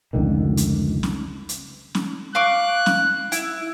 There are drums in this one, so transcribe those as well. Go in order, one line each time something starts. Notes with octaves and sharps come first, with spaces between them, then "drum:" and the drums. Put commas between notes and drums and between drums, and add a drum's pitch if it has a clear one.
F1 C#2 D3 D#3
drum: hi-hat
drum: snare C#4
drum: hi-hat
drum: snare C#4
F5 C#6 D6 F#6
drum: snare C#4
E4, drum: hi-hat